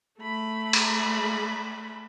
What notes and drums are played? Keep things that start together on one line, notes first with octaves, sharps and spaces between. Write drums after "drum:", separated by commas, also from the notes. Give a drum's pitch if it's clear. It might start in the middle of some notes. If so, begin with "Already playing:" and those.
A3 B5
drum: cymbal